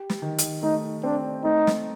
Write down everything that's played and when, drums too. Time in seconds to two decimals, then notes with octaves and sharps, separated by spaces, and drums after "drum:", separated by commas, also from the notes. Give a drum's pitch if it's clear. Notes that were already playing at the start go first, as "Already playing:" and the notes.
Already playing: G4
0.10 drum: snare
0.22 D#3
0.38 drum: hi-hat
0.63 A3 D#4
1.03 C4 D4
1.44 A3 D#4
1.67 drum: snare